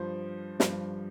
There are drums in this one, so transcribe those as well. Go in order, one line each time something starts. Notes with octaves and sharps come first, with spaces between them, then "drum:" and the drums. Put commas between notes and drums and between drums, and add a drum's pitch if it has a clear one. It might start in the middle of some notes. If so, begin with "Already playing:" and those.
Already playing: G2 F3 C5
G2 F3, drum: snare